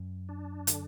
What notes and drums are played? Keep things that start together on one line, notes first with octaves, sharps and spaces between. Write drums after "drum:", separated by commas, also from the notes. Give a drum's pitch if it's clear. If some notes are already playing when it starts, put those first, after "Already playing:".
Already playing: F#2
D4
D3, drum: hi-hat